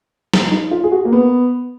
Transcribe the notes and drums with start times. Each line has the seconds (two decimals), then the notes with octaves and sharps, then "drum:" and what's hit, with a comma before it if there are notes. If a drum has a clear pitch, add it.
0.34 drum: snare
0.51 D#4
0.71 F4
0.84 G#4
0.91 F#4
1.05 A#3
1.13 B3